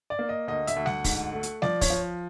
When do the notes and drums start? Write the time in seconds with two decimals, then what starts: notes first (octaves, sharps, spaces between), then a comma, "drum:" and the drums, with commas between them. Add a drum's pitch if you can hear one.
0.10 D5
0.19 A#3
0.29 D#5
0.48 D2 D#5
0.67 E5, drum: hi-hat
0.76 D2
0.86 F#5, drum: snare
1.04 G#2, drum: kick, open hi-hat
1.33 A3
1.43 drum: hi-hat
1.62 F3 D5, drum: snare
1.81 C#5, drum: kick, open hi-hat
1.90 F3